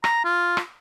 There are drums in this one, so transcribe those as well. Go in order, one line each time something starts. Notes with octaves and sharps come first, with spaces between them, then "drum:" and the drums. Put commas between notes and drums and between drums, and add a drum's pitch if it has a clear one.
A#5, drum: rim click
F4
drum: rim click